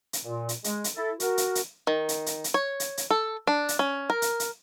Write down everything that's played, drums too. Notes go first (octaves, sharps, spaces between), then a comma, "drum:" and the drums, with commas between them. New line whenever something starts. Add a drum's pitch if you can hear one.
drum: hi-hat
A#2
drum: hi-hat
G#3, drum: hi-hat
drum: hi-hat
E4 A4
F#4 A#4, drum: hi-hat
drum: hi-hat
drum: hi-hat
D#3
drum: hi-hat
drum: hi-hat
drum: hi-hat
C#5
drum: hi-hat
drum: hi-hat
A4
D4
drum: hi-hat
C#4
A#4
drum: hi-hat
drum: hi-hat